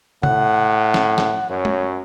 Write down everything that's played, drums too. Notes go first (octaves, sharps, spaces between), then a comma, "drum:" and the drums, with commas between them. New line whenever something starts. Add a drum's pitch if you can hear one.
A2 F#5, drum: tom C3
drum: snare
drum: snare
F#2 C#5
drum: tom